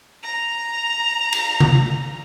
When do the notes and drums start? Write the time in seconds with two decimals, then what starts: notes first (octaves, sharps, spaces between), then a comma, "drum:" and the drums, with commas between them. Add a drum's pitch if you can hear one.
0.23 A#5 F7
1.33 drum: cymbal
1.60 drum: tom C3